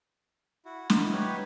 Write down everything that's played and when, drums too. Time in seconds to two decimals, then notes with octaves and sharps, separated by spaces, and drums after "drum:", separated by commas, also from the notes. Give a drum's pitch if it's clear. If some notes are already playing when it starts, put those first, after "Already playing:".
0.65 E4 F#4
0.90 D#4 E4 F#4, drum: snare
1.13 G4 B4 C#5